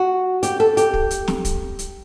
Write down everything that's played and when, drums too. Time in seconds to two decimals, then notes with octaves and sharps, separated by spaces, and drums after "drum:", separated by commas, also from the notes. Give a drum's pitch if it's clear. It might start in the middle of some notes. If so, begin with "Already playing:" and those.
Already playing: F#4
0.43 G4, drum: hi-hat
0.60 A4
0.77 G4, drum: hi-hat
0.94 drum: kick
1.11 drum: hi-hat
1.28 drum: snare
1.45 drum: kick, hi-hat
1.79 drum: hi-hat